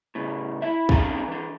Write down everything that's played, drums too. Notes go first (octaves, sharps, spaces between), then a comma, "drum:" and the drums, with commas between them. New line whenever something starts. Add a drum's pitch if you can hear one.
A2 C#3
E4 E5
C3 C#4 D#4 F5 G#5 A#5, drum: kick
E3 D4